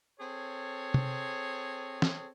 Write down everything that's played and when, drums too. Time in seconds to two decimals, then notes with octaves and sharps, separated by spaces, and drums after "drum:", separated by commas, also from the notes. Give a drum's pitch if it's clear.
0.20 C4 G#4 A4 C#5
0.94 drum: tom C3
2.02 drum: snare